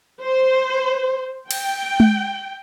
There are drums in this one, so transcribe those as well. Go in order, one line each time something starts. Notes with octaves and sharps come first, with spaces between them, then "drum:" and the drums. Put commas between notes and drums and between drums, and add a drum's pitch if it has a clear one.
C5
G5, drum: cymbal
drum: tom G#3